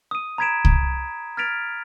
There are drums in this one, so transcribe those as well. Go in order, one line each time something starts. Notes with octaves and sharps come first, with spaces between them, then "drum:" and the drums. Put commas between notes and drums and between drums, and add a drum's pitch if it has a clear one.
D#6 D#7
A#5 B5 G#6 B6 D7 E7
drum: kick C2
F6 G#6 A6 B6 D7 F7